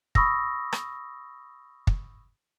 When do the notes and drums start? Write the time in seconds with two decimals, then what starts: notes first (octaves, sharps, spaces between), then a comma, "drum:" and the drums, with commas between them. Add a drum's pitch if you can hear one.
0.15 B5 C#6 D#6 E6 A#6, drum: kick
0.72 drum: rim click
1.87 drum: kick